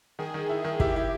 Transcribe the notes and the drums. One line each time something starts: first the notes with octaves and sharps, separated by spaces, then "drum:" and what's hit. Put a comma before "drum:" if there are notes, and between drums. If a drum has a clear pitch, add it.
D#3 G#4
D#3
E4
D#3
E4 G4, drum: kick
E4